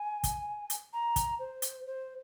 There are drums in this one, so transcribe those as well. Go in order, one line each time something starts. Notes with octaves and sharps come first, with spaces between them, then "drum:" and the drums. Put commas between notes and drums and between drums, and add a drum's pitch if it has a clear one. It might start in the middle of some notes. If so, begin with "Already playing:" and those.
Already playing: G#5
drum: kick, hi-hat
drum: hi-hat
A#5
drum: kick, hi-hat
C5
drum: hi-hat
C5